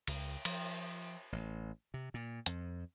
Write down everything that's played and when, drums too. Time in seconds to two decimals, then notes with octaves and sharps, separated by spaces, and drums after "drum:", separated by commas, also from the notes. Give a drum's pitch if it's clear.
0.08 C#2, drum: cymbal
0.45 F3, drum: cymbal
1.32 A1
1.94 C3
2.14 A#2
2.46 F2, drum: hi-hat